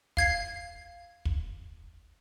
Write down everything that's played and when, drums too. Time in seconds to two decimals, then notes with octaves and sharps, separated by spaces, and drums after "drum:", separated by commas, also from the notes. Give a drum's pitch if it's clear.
0.17 F5 G#6 C7, drum: kick
1.25 drum: kick